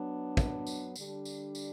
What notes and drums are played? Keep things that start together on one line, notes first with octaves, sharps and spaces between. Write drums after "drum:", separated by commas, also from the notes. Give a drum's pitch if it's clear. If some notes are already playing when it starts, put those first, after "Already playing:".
Already playing: F#3 B3 D4
drum: kick, tambourine
drum: tambourine
D3 G3 D4, drum: tambourine
drum: tambourine
drum: tambourine